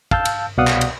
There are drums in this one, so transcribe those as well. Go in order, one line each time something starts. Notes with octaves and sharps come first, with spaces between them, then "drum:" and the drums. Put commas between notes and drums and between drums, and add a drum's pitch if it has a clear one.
F5 A5 E6 G6, drum: kick
drum: cymbal
C2 B2 D5 F5 F#5 D#6
drum: clap
drum: cymbal